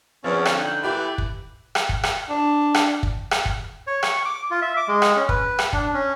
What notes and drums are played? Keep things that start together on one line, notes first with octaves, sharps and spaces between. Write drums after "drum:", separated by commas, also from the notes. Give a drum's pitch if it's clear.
E2 F3 C4 C#4 F5 A5
D3, drum: rim click
D#4 G5 F#6
E3 A3 E4 G4 D5 B5
B4
drum: kick
drum: rim click
drum: kick
drum: rim click
D4
drum: rim click
drum: kick
drum: rim click
drum: kick
C#5
C#6, drum: rim click
D6
F4
E5
D6
G#3
drum: rim click
C#4
B4, drum: kick
drum: rim click
D4, drum: kick
C#4